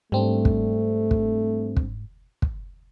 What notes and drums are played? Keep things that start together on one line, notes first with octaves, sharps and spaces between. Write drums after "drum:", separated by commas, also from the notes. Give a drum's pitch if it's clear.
G#2 G3 A3 C4 D4
drum: kick
drum: kick
drum: kick
drum: kick